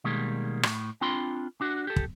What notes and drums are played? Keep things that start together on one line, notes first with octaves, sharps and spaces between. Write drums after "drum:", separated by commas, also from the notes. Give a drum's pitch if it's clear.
B2 D#3 G3 G#3 A#3
A2, drum: rim click
C4 D4 F4 B5 C6
D4 F#4
G4 A4
drum: kick